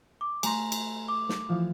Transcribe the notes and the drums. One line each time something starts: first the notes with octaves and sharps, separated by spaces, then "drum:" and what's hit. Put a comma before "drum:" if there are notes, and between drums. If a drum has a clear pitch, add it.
D6
A3 G#5 A#5 C6 A#6, drum: cymbal
drum: cymbal
D6
drum: snare
E3 F3